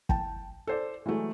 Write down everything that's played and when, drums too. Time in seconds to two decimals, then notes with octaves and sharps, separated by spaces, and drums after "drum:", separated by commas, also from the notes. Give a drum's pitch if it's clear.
0.09 G5 A5, drum: kick
0.67 A4 C5 D5
1.06 E3 F#3 G#3 A3